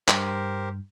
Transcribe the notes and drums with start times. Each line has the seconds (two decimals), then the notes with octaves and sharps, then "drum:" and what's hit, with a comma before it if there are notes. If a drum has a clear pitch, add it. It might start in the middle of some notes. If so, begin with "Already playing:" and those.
0.08 G2 G4 A#4 C5, drum: clap